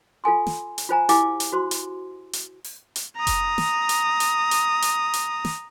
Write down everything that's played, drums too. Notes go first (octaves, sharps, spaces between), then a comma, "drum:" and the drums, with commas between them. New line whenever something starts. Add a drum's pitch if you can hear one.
F4 A4 G#5 C6
drum: snare
drum: hi-hat
F4 C5 G#5 A#5
E4 G4 F5 G#5 D6, drum: hi-hat
drum: hi-hat
F#4 C5 C6
drum: hi-hat
drum: hi-hat
drum: open hi-hat
drum: hi-hat
A#5 D#6
drum: kick F1, hi-hat
drum: snare
drum: hi-hat
drum: hi-hat
drum: hi-hat
drum: hi-hat
drum: hi-hat
drum: snare